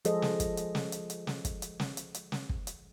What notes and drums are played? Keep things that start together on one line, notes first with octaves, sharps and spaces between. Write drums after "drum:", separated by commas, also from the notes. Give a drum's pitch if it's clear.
F3 G#3 G#4 A4 C5 D#5, drum: hi-hat
drum: snare
drum: kick, hi-hat
drum: hi-hat
drum: snare
drum: hi-hat
drum: hi-hat
drum: snare
drum: kick, hi-hat
drum: hi-hat
drum: snare
drum: hi-hat
drum: hi-hat
drum: snare
drum: kick
drum: hi-hat